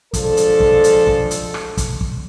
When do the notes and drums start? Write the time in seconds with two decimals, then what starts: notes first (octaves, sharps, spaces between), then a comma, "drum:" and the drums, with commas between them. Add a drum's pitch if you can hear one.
0.14 F3 G#3 D4 A4, drum: kick, hi-hat
0.37 drum: hi-hat
0.60 drum: kick
0.84 drum: hi-hat
1.07 drum: kick
1.31 drum: hi-hat
1.54 drum: rim click
1.78 drum: kick, hi-hat
2.01 drum: kick